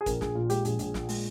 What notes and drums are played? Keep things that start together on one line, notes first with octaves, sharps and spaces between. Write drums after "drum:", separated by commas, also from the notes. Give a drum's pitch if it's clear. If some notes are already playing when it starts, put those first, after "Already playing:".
G#4
A#1 A#4, drum: kick, hi-hat
A#1 G#4, drum: snare
A#2 F4
G#3 G4, drum: hi-hat
A#1 G#4, drum: hi-hat
A#1, drum: hi-hat
A#2, drum: snare
G#3, drum: open hi-hat